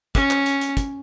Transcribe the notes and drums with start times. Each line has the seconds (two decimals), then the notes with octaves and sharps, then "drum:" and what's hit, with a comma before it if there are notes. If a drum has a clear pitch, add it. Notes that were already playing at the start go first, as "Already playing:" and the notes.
0.15 C#4, drum: kick, hi-hat
0.31 drum: clap
0.46 drum: hi-hat
0.61 drum: hi-hat
0.77 drum: kick, hi-hat